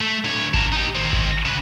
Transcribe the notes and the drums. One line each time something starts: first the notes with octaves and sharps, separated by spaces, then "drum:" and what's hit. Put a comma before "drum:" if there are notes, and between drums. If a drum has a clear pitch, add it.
A3
D2 C#5
D4 A#4, drum: kick G#1
D#4 G4
D#3 C4
drum: kick G#1
C#3 B4